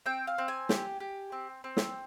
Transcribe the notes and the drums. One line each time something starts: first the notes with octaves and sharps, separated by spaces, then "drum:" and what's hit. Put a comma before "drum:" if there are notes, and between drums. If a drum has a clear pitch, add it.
C4 G5
F5
C4
G#5
G4, drum: snare
G4
C4
C4
drum: snare